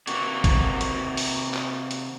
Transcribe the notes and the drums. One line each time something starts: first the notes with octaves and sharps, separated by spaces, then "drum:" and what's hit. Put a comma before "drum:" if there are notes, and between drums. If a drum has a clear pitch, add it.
C3 A#3 F#4, drum: hi-hat
drum: kick, hi-hat
drum: hi-hat
drum: open hi-hat
drum: clap
drum: hi-hat